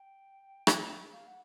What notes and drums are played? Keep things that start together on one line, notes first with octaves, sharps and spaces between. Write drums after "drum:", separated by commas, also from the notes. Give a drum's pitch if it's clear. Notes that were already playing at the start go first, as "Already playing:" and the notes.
Already playing: G5
drum: rim click
F5
F#5